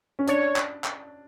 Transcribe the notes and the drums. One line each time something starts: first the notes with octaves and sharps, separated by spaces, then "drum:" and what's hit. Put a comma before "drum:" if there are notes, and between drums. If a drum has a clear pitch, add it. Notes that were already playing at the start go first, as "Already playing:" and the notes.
C#4
D4 C#5, drum: hi-hat
drum: clap
drum: clap